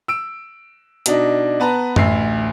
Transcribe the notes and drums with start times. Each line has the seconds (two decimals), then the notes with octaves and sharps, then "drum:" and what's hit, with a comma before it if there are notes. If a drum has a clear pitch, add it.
0.08 E6 D7
1.06 B2 D4 D#4, drum: hi-hat
1.60 B3 B4 A5 A#5
1.96 A1 D2 E5 C7, drum: tom F#2